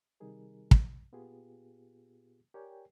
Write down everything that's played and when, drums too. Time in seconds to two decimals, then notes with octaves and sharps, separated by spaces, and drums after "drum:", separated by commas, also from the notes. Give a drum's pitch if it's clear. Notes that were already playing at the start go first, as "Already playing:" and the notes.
0.20 C3 D#3 G3 D#4 G#4 A#4
0.71 drum: kick
1.12 A#2 B3 F4 G4 G#4
2.54 G4 A#4 C#5 D5 G5 G#5